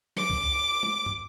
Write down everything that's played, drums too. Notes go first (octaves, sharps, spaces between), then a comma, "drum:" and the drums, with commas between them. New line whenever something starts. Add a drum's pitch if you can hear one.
D6, drum: snare
drum: kick C#2
drum: tom
drum: tom